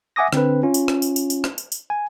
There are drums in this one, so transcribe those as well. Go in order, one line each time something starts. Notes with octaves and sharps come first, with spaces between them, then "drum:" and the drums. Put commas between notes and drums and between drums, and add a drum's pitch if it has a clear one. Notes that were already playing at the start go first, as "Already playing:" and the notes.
E5 F#5 G#5 D6 D#6 A#6
D3 C4 D4 B4, drum: rim click
C#4 F4
drum: tambourine
drum: rim click
drum: tambourine
drum: tambourine
drum: tambourine
drum: rim click
drum: tambourine
drum: tambourine
G#5